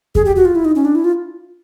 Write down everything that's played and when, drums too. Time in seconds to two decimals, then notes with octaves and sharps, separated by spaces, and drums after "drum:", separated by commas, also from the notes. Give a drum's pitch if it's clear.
0.15 G#4, drum: kick E2
0.25 G4
0.36 F#4
0.45 F4
0.55 E4
0.65 D#4
0.75 C#4
0.85 D4
0.95 E4
1.04 F4